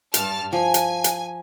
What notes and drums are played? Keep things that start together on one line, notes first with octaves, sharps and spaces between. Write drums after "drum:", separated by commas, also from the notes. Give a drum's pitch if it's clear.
G2 A5 F6, drum: hi-hat
F3 G#5
drum: hi-hat
drum: hi-hat